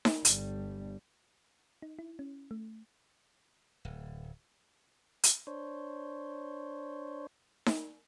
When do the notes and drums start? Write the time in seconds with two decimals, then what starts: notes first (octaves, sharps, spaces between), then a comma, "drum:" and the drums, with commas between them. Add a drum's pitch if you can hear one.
0.05 drum: snare D#4
0.25 G1 G3, drum: hi-hat
1.82 D#4
1.99 E4
2.19 C#4
2.51 A3
3.85 D1
5.23 drum: hi-hat
5.47 D4 C5 C#5
7.66 drum: snare D#4